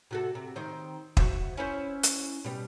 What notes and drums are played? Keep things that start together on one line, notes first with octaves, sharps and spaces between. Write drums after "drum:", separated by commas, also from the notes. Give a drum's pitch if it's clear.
C3 F#4 A4
C3
D#3 C4
F#4 C5 E5, drum: kick
C#4 E4 C5
drum: hi-hat
B2 G3